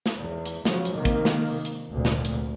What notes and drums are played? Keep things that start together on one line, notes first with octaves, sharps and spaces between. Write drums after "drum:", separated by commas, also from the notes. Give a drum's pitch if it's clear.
drum: snare
E2
drum: hi-hat
C#3 F3 F#3, drum: snare
drum: hi-hat
C3 D#3 A#3
drum: kick, hi-hat
drum: snare
drum: open hi-hat
drum: hi-hat
F1 D2 A#2
drum: snare
drum: hi-hat